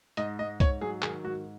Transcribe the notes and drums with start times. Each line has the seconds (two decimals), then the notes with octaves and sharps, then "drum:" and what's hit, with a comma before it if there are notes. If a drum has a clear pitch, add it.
0.17 G#2 D#5, drum: hi-hat
0.39 G#2 D#5
0.60 G#2 C#5, drum: kick C2, hi-hat
0.81 F#3 G#4
1.02 D#3 G#4, drum: clap
1.24 G#2 F#4